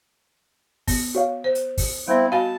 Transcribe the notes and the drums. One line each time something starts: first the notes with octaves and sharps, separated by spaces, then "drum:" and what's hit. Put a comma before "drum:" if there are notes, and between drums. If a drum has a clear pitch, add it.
B3, drum: kick, open hi-hat
F#4 C#5 F5
C5
drum: hi-hat
drum: kick, open hi-hat
G3 B3 C4 E4
F#4 D#5 F5 G#5 A5 B5